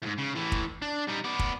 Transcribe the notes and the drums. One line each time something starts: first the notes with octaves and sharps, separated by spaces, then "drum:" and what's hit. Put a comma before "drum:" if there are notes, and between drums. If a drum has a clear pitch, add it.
E2 G#2
C#3
A2 E3
drum: kick
D4
G3 D#4
B3 D5
drum: kick